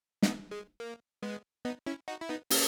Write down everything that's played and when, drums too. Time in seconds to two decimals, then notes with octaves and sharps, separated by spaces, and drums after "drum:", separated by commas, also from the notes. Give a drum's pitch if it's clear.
0.22 B3 D#4, drum: snare
0.51 G#3
0.80 A#3
1.22 G#3 B3
1.65 B3 D#4
1.86 C#4 E4
2.08 D#4 F#4
2.21 E4
2.29 B3 D#4
2.50 A#3 C#4, drum: open hi-hat